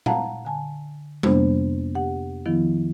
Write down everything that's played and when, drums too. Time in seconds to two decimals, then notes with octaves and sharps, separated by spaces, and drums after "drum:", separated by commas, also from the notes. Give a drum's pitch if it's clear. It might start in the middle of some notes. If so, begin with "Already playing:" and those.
0.06 F5 F#5 A5 A#5, drum: tom A#2
0.45 D3 G#5 A5
1.23 F2 C3 A#3 B3 D4 C5, drum: tom G3
1.95 G4 F#5
2.46 D#3 F3 B3 E4